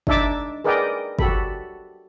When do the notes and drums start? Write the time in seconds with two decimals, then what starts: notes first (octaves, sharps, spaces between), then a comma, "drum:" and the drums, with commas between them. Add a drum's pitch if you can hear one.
0.07 D4 D#4 E5 A5 D6, drum: kick
0.64 G#4 A#4 B4 D5 D#5 G5
1.19 F#4 G4 A4 B5, drum: kick